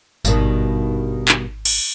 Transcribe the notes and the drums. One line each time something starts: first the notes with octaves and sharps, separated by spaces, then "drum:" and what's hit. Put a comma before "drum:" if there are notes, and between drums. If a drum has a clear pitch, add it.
G#1 G2 B2 D#3, drum: tambourine
drum: clap
drum: cymbal